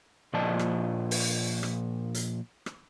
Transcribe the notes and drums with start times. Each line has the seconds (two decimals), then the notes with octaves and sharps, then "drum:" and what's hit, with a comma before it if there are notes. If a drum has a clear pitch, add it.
0.33 A#2 F3 D5 D#5 A5
0.59 drum: rim click
1.11 drum: open hi-hat
1.63 drum: rim click
2.15 drum: hi-hat
2.66 drum: rim click